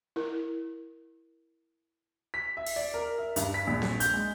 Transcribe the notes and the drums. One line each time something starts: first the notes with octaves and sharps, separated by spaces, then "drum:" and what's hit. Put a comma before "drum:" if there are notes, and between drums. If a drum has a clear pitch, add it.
E4 A#4
B6
E5
drum: open hi-hat
D5
A#4
E5
G2, drum: hi-hat
B6
A#1
drum: snare C4
G6, drum: hi-hat
G#3